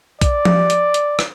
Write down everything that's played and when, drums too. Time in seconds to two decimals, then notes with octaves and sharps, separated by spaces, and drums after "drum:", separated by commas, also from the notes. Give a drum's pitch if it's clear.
0.21 D5, drum: kick, hi-hat
0.45 drum: tom F3
0.70 drum: hi-hat
0.94 drum: hi-hat
1.19 drum: rim click